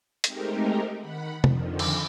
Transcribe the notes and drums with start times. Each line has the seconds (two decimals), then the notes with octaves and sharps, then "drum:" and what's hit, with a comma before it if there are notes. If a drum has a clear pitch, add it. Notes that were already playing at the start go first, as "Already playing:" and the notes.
0.24 G#3 A3 C4 D#4 G4 A#4, drum: hi-hat
0.99 D#3 F#5 B5
1.44 F2 D3 D#3 F3, drum: tom
1.79 drum: cymbal